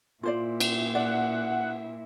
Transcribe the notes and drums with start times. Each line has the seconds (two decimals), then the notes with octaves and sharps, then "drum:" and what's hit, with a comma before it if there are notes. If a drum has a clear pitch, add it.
0.23 A#2 E4 F4 C5 D5
0.61 drum: cymbal
0.95 D5 F#5